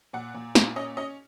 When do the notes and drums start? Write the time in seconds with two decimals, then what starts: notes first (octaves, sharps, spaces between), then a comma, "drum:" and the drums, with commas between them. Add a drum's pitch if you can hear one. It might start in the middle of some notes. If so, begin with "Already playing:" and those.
0.13 A#2 F#5
0.34 A#2
0.55 A#2, drum: snare
0.76 C#4 D#5
0.97 C#4 D#5